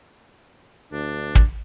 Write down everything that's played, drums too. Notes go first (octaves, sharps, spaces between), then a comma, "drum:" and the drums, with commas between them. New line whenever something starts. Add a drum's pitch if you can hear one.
D2 D4
drum: kick